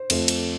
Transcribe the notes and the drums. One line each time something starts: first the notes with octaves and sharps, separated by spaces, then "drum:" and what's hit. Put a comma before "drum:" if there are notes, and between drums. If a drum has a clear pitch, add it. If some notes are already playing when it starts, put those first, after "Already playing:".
Already playing: C5
F2 F3 A3, drum: cymbal
drum: cymbal